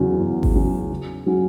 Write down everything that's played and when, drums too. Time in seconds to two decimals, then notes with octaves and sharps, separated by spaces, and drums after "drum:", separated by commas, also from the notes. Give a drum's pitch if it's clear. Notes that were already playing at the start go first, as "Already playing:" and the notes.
Already playing: E2 C#3 F#3 C#4
0.19 E2
0.43 drum: kick G#1
0.55 C#3 F#3 C#4
0.91 C#3
1.26 F#3 C#4 F#4